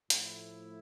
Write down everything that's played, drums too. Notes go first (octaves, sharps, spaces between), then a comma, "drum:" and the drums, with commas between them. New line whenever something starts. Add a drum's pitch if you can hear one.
A2 F3 A3 E4, drum: hi-hat